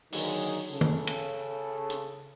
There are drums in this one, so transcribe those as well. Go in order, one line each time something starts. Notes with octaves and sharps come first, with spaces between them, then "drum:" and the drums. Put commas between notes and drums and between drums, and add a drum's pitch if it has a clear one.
D3 D#3 F#3 A#3 D#4 G#4, drum: open hi-hat
C#3 A4
drum: tom
drum: cymbal
drum: hi-hat